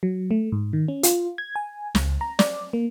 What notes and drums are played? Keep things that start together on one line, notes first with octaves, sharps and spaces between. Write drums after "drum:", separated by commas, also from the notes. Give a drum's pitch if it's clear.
F#3
A3
G#2
D#3
C#4
F4, drum: hi-hat
G#6
G#5
C#2, drum: snare
A#5
D5, drum: snare
A#3